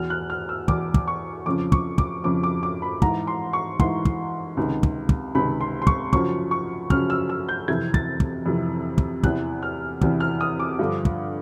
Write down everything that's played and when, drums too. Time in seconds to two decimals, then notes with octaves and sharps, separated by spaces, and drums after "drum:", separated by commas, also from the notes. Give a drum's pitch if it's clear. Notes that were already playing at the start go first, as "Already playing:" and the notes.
Already playing: E2 B2 F6
0.10 F#6
0.30 F6
0.49 E6
0.68 E2 B2 D6, drum: kick
0.94 drum: kick
1.08 C#6
1.46 F2 C#3 F3 D6
1.72 C#6, drum: kick
1.98 D6, drum: kick
2.24 F2 C#3 F3 D6
2.43 D6
2.63 D6
2.82 B5
3.02 G#2 E3 A#5, drum: kick
3.27 C6
3.53 C#6
3.79 G#2 E3 C6, drum: kick
4.05 drum: kick
4.57 C#2 C3 D#3
4.83 drum: kick
5.09 drum: kick
5.35 C#2 C3 D#3 B5
5.61 C6
5.82 C6
5.87 C#6, drum: kick
6.13 F#2 C#3 F3 C#6, drum: kick
6.51 C#6
6.90 F#2 C#3 F3 F6, drum: kick
7.10 E6
7.29 E6
7.49 G6
7.68 F2 C3 E3 G#6
7.94 A6, drum: kick
8.20 drum: kick
8.46 F2 C3 E3
8.98 drum: kick
9.23 E2 C3 E3 F#6, drum: kick
9.63 F6
10.01 E2 C3 E3, drum: kick
10.20 F6
10.41 D#6
10.60 D6
10.79 G2 D3 F3
11.05 drum: kick